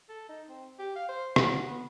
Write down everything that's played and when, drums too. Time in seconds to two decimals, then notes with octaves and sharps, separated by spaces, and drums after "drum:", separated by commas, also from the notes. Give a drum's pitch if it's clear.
0.09 A4
0.29 D#4
0.49 C4
0.79 G4
0.95 F5
1.09 C5
1.36 F#4, drum: rim click
1.68 B3